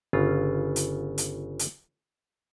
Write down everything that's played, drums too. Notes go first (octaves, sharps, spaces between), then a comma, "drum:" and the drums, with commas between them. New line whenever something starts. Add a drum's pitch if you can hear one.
G1 C#3 F4
drum: hi-hat
drum: hi-hat
drum: hi-hat